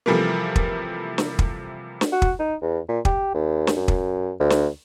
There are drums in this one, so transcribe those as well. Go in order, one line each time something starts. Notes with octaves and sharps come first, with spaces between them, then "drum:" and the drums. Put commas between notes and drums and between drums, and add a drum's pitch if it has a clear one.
C3 E3 F3 G3 A3 A#3
drum: kick
drum: snare
drum: kick
drum: snare
F#4
drum: kick
D#4
E2
A#2
G4, drum: kick
D#2
drum: snare
F#2
drum: kick
D2
drum: snare